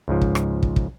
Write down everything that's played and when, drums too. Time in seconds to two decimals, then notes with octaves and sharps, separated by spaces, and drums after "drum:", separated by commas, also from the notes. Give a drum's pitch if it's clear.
0.08 C#2 G#2 F3
0.21 drum: kick
0.35 drum: rim click
0.63 drum: kick
0.76 drum: kick